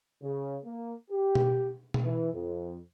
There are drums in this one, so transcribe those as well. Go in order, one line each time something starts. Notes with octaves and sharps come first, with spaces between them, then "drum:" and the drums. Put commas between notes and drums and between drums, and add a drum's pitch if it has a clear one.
C#3
A#3
G4
drum: tom B2
drum: tom B2
E3
F2